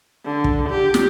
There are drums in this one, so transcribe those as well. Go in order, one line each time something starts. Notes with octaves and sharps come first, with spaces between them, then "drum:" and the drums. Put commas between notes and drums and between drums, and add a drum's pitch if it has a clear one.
D3
drum: kick
G4
drum: snare